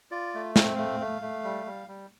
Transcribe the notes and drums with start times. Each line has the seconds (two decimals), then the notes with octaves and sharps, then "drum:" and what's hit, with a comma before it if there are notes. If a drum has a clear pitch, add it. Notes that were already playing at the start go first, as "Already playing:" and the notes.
0.11 F4 D5
0.34 A3
0.56 C4 F5, drum: snare
0.76 A3 F5
1.00 A3
1.22 A3
1.44 G3
1.66 G3
1.88 G3